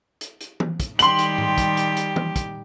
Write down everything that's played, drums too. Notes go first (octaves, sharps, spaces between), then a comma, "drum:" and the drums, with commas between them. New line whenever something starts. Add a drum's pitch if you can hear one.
drum: hi-hat
drum: hi-hat
drum: tom E3
drum: kick, hi-hat
D#3 G3 G4 C6 F#7, drum: hi-hat
drum: hi-hat
drum: tom G#2
drum: kick, hi-hat
drum: hi-hat
drum: hi-hat
drum: tom E3
drum: kick, hi-hat